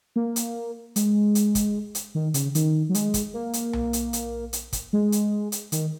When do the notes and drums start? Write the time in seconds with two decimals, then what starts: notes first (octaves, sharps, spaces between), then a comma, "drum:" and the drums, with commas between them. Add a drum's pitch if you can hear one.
0.16 A#3
0.36 drum: hi-hat
0.96 G#3, drum: hi-hat
1.35 drum: hi-hat
1.55 drum: kick, hi-hat
1.95 drum: hi-hat
2.15 D#3
2.34 C#3, drum: hi-hat
2.55 D#3, drum: hi-hat
2.89 F#3
2.95 G#3, drum: hi-hat
3.14 drum: kick, hi-hat
3.34 A#3
3.53 drum: hi-hat
3.73 drum: tom B1
3.93 drum: hi-hat
4.13 drum: hi-hat
4.53 drum: hi-hat
4.73 drum: kick, hi-hat
4.93 G#3
5.12 drum: hi-hat
5.52 drum: hi-hat
5.72 D#3, drum: hi-hat